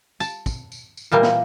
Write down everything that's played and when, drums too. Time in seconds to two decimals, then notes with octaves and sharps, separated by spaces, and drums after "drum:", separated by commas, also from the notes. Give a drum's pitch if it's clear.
0.20 A5, drum: tambourine
0.46 drum: kick, tambourine
0.72 drum: tambourine
0.97 drum: tambourine
1.11 A#2 E3 G3 A#3
1.23 drum: snare